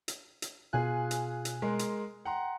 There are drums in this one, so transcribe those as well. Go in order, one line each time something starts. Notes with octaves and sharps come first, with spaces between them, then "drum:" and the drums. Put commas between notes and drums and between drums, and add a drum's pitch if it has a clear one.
drum: hi-hat
drum: hi-hat
B2 F4 G#4 G#5 F#6
drum: hi-hat
drum: hi-hat
G#3 A#4 C6
drum: hi-hat
F#5 G5 A#5 C6